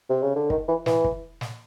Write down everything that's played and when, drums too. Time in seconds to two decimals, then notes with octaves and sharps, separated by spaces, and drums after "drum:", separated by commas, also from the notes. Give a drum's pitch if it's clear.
0.10 C3
0.22 C#3
0.36 D3
0.50 D#3, drum: kick
0.68 E3
0.86 E3, drum: snare
1.04 drum: kick
1.41 drum: snare